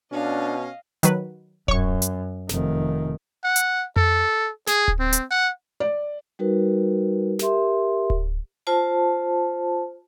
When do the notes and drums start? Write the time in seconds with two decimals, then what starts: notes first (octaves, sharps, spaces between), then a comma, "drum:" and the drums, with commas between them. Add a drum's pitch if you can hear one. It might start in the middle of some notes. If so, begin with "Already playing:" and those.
0.12 B2 C#4 D4 D#5 F5
1.03 D#3 F#3 B4, drum: hi-hat
1.68 F#2 C#5 C#6, drum: kick D1
2.02 drum: hi-hat
2.49 F1 D#3, drum: snare
3.44 F#5
3.56 drum: hi-hat
3.96 A4, drum: tom F2
4.67 G#4, drum: snare
4.88 drum: kick D1
4.99 C4
5.13 drum: hi-hat
5.31 F#5
5.80 D5
6.39 G3 D#4 F#4 A#4 B4
7.39 G4 A#4 E5 C6, drum: snare
8.10 drum: kick D1
8.67 F4 C5 A5